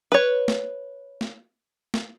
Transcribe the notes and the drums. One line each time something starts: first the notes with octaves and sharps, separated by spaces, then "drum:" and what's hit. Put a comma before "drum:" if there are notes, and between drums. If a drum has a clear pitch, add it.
B4 C#5
drum: snare
drum: snare
drum: snare